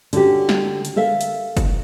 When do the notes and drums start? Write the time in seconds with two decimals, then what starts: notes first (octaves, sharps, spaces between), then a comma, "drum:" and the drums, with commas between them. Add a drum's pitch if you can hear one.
0.13 D3 C#4 F#4 G4, drum: hi-hat
0.49 drum: snare
0.85 drum: hi-hat
0.96 A4 A#4 E5 F5
1.21 drum: hi-hat
1.57 drum: kick, hi-hat